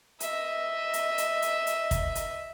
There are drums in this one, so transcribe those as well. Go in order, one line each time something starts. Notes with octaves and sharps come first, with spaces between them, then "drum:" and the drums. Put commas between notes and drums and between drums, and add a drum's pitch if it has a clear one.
D#5 E5, drum: hi-hat
drum: hi-hat
drum: hi-hat
drum: hi-hat
drum: hi-hat
drum: kick, hi-hat
drum: hi-hat